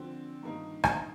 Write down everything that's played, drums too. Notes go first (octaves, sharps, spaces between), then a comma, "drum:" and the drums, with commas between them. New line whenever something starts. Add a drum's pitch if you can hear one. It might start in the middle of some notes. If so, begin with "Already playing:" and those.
Already playing: D3 F3 C4
G2 D#3 A#3 D#4
drum: rim click